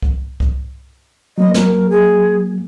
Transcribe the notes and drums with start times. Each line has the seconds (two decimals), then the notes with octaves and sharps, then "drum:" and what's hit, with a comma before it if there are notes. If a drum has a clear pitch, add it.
0.02 drum: kick C2
0.40 drum: kick C2
1.38 F#3 A#3 D#5
1.54 A#4, drum: snare
1.90 G#4